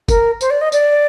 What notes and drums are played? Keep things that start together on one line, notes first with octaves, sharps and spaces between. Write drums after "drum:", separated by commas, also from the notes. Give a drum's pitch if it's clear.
A#4, drum: kick, tambourine
C5, drum: tambourine
D5
D#5
D5, drum: tambourine